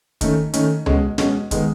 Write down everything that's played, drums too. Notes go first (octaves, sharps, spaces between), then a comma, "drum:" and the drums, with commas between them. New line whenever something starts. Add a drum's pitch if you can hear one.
D#3 A3 C#4, drum: kick, hi-hat
D#3 A3 C#4, drum: hi-hat
B2 G#3 C#4, drum: tom C#2
B2 G#3 C#4, drum: snare
D#3 G#3 B3, drum: kick, hi-hat